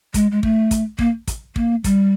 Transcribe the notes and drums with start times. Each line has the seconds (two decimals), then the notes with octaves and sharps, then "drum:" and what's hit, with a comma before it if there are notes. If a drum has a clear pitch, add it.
0.14 G#3, drum: kick, hi-hat
0.31 G#3
0.43 A3, drum: kick
0.71 drum: kick, hi-hat
0.99 A#3, drum: kick
1.28 drum: kick, hi-hat
1.56 A#3, drum: kick
1.84 G3, drum: kick, hi-hat